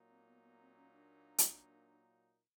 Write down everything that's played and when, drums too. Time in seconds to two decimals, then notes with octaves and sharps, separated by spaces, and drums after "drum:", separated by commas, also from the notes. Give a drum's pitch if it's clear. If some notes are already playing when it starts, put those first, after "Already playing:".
Already playing: A#2 F#3 A#3 D#4
0.09 C4
0.26 B3
0.43 B3
0.60 C4
0.76 C#4
0.93 D4
1.38 drum: hi-hat